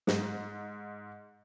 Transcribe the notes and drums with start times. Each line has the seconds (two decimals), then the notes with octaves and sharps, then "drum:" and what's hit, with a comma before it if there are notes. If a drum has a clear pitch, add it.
0.07 G#2, drum: snare